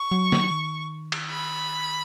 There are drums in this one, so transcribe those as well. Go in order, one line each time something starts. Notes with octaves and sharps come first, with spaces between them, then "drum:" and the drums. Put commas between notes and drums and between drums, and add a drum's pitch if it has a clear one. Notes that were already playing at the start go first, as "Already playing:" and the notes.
Already playing: C#6
F#3
drum: snare
D#3
drum: cymbal
B5